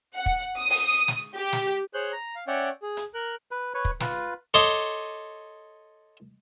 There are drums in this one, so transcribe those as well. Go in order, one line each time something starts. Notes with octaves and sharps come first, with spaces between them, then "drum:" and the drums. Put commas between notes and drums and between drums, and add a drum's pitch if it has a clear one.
F#5
drum: kick
D#6
drum: open hi-hat
drum: snare
G4
drum: snare
G#4 C5 C#5 F#6 G6
A#5
F5
C#4 C#5 D5 E5 F#5 G5
G#4
drum: hi-hat
A#4 F#6
B4
B4 C#5
drum: kick
F4 B4, drum: snare
A4 C#5 D#5 C6 D6 D#6